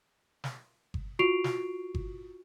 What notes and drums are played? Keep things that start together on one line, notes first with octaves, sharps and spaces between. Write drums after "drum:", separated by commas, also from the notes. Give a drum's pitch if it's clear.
drum: snare
drum: kick G1
F4 F#4 C#6 C7 D7 F7
drum: snare
drum: kick G1